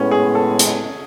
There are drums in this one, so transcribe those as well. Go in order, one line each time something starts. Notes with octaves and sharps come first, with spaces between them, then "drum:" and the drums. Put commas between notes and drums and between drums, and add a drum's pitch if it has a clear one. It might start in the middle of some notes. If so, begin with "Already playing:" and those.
Already playing: A2 G#3 B3 C#4
G#4
A4
drum: hi-hat